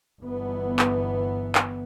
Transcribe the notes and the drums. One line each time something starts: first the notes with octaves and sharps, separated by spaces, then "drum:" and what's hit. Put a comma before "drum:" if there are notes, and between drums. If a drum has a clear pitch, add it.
G1 E3 B3
drum: clap
drum: clap